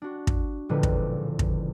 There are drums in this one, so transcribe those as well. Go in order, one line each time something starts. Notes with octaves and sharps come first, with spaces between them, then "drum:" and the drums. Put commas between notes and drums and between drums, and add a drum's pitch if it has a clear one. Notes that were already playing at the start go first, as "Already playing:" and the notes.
D4 F#4
drum: kick
E1 C#2 A#2 D3 F3 B4
drum: kick
drum: kick